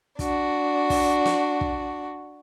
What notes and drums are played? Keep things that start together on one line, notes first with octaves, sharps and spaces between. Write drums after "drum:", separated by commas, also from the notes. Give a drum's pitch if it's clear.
D4 F#4, drum: kick, hi-hat
drum: kick, open hi-hat
drum: snare
drum: kick